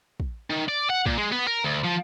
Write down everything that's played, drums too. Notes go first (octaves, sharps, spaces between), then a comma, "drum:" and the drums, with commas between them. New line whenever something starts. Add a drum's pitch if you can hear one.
drum: kick
D#3
D5
F#5
A#2, drum: kick
G#3
B3
A#4
D2
F3